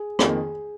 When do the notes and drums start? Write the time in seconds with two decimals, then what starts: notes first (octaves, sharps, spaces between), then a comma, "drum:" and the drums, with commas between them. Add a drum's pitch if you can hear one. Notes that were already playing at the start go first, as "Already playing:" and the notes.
Already playing: G#4
0.19 F2 D#3 A#3 G#4, drum: rim click